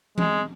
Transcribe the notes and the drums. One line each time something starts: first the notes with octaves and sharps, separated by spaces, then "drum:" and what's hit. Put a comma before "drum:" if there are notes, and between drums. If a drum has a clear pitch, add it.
G#3, drum: tom E3